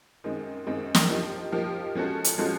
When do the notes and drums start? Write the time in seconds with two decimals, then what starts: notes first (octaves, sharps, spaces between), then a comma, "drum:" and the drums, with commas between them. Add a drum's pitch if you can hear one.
0.24 F#2 D#3 G#3 C4
0.67 F#2 D#3 G#3 C4
0.95 drum: snare
1.09 F3 A#3 D#4 G4
1.52 F3 A#3 D#4 G4
1.95 F3 G#3 C#4 F#4 A4
2.24 drum: hi-hat
2.38 F3 G#3 C#4 F#4 A4